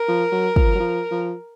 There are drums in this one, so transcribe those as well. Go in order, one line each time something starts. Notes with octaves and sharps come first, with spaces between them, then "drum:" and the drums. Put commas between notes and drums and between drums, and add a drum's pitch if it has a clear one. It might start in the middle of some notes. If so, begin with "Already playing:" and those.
Already playing: A#4
F3
F#3
F3, drum: kick
F#3
F3
F3